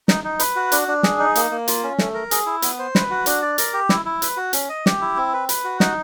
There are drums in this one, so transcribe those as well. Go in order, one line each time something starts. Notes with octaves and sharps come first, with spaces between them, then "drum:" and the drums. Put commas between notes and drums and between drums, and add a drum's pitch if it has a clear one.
D#4, drum: snare
D#4
B4, drum: hi-hat
F#4
D4, drum: hi-hat
D4
G#4, drum: snare
D#4
A#3, drum: hi-hat
A#3
F4, drum: hi-hat
C#4
A3, drum: snare
A#4
G#4, drum: hi-hat
E4
B3, drum: hi-hat
C5
B4, drum: snare
F#4
D4, drum: hi-hat
D5
A#4, drum: hi-hat
G4
E4, drum: snare
E4
B4, drum: hi-hat
F#4
C#4, drum: hi-hat
D#5
G4, drum: snare
E4
C4
B4
B4, drum: hi-hat
F#4
D#4, drum: snare